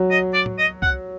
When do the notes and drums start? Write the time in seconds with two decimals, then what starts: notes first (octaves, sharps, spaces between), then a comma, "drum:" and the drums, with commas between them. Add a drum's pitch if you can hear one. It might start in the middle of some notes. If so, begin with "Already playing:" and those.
Already playing: F#3
0.10 D#5
0.33 D5
0.46 drum: tom A2
0.58 D#5
0.82 F#5, drum: kick C2